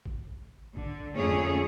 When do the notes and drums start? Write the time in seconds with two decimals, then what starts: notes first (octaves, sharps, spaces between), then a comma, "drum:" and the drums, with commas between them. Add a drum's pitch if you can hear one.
0.06 drum: kick G#1
0.77 D3, drum: kick G#1
1.16 F2 D3 A3 C#4 G#4 C#5